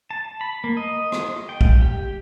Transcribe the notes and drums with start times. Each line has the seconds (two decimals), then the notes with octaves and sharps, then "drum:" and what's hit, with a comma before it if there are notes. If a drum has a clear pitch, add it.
0.11 A5
0.41 B5
0.64 A#3
0.77 D#5
1.12 drum: rim click
1.49 G5
1.61 drum: kick
1.83 G4